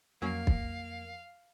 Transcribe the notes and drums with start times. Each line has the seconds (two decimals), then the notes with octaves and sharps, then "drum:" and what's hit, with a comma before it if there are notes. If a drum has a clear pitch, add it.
0.22 F2 F#3 A#3 C#4 F5
0.47 drum: kick